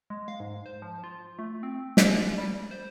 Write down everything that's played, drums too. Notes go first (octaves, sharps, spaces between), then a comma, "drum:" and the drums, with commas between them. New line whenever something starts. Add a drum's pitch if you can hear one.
G#3
F5
G#2
C5
F3
F4
A3
C4
G4, drum: snare
D5
G3
C5